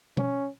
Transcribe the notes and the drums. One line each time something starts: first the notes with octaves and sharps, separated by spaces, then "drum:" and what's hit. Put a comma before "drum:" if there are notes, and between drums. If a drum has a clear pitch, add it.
C#4, drum: tom B2